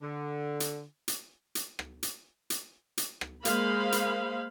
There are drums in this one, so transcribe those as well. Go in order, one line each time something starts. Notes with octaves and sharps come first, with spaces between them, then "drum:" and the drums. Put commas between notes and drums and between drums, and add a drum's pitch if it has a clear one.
D3
drum: hi-hat
drum: hi-hat
drum: hi-hat
drum: rim click
drum: hi-hat
drum: hi-hat
drum: hi-hat
drum: rim click
G#3 A#3 C5 F5 B5, drum: hi-hat
drum: hi-hat